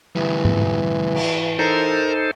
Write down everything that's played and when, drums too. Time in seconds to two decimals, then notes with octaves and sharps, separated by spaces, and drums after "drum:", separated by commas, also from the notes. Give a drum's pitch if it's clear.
0.16 D2 E3 G3
0.45 drum: tom G#2
1.14 drum: cymbal
1.59 D#4 A4 A#4 C5